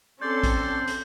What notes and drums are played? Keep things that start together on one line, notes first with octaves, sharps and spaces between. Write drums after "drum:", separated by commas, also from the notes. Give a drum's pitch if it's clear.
C4 C#4 A4 D5 C6 G6
drum: kick A#1, hi-hat
drum: hi-hat